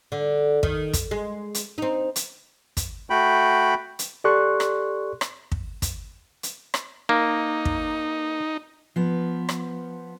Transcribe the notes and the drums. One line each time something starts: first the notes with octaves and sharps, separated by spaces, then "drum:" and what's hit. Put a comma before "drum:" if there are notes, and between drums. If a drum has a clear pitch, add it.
D3
D#3, drum: kick
drum: kick, hi-hat
G#3
drum: hi-hat
C4 D#4
drum: hi-hat
drum: kick, hi-hat
A3 F#4 G5 B5
drum: hi-hat
G4 A4 D5 C6 C#6 F#6
drum: rim click
drum: rim click
drum: kick
drum: kick, hi-hat
drum: hi-hat
drum: rim click
A#3 D#4
drum: kick
F3 B3
drum: rim click